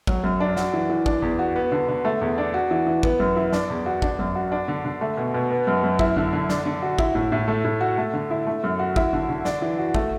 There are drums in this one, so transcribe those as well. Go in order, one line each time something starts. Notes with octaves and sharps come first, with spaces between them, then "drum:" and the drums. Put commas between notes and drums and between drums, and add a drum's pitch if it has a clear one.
F#3, drum: kick
F#2
D4
F#4, drum: snare
E3
E3
D4, drum: kick
E2
F#4
B3
D3
D3
A3
E2
D4
F#4
E3
E3
B3, drum: kick
F#2
E4
D4, drum: snare
E2
F#4
D4, drum: kick
F#2
F#4
D4
D3
D3
A3
B2
B2
B3
F#2
F#2
E4, drum: kick
D3
D3
D4, drum: snare
D3
F#4
E4, drum: kick
A2
A2
A3
A2
F#4
A3
D3
E4
A3
F#2
F#4
E4, drum: kick
D3
D3
D4, drum: snare
E3
F#4
A3, drum: kick